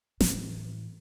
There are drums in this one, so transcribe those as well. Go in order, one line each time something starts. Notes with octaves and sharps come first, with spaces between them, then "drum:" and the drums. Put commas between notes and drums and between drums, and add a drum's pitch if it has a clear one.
A2 E3, drum: snare